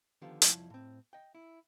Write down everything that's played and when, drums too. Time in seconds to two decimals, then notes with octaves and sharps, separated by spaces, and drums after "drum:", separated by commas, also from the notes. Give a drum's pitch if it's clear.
0.22 D3 D#3 F3 B3 F4 G4
0.42 C2 F2 F3 E4 C#5, drum: hi-hat
0.70 A2 C4
1.13 D#5 G5
1.35 E4